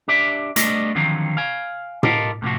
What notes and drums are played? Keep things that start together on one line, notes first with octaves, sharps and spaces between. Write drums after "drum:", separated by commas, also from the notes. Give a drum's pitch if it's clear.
D4 G4 D5 E5
G3 A3 B3 D4 D5 D#5, drum: hi-hat
D3 D#3 F3 F#3 C4
F5 G#5
F4 G4 A4 A#4 D#5, drum: tom A2
A2 C3 F3 F#4